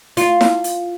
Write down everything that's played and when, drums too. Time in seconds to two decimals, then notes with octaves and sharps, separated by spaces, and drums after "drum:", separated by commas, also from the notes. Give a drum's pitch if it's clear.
0.17 F4, drum: hi-hat
0.41 drum: snare E4
0.64 drum: hi-hat